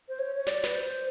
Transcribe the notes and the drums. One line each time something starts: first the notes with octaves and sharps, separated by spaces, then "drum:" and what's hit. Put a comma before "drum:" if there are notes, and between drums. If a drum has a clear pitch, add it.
C5
C#5
C#5
D5, drum: snare
B4, drum: snare
C5